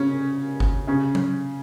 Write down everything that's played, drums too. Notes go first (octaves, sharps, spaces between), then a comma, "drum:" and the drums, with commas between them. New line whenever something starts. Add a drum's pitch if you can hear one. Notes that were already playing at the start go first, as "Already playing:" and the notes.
Already playing: C#3 C#4
drum: kick G1
C#3 C#4
drum: tom F#3